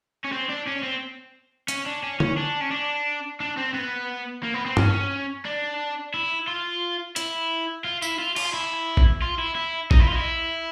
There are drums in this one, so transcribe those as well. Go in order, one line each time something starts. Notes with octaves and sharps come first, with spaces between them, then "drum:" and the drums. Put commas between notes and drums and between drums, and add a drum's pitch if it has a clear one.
C#4
C4
D4
C#4
C4
C#4, drum: hi-hat
D4
C#4
C#4, drum: tom D3
D4
C#4
D4
D4
C4
B3
A#3
B3
C4
C#4, drum: tom G2
D4
E4
F4
E4, drum: hi-hat
F4
E4, drum: tambourine
F4
F4, drum: cymbal
E4
drum: kick A#1
F4
E4
E4
D#4, drum: kick A#1
E4
F4
D#4
E4